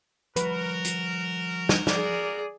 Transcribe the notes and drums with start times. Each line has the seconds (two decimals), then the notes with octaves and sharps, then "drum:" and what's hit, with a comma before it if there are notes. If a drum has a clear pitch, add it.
0.36 F3 G3 F#4 A#4 B4, drum: hi-hat
0.85 drum: hi-hat
1.69 drum: snare
1.87 G#4 D5, drum: snare